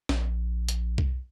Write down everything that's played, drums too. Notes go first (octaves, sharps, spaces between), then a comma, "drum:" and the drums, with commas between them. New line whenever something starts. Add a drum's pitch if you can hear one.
A#1, drum: snare
drum: hi-hat
drum: kick B1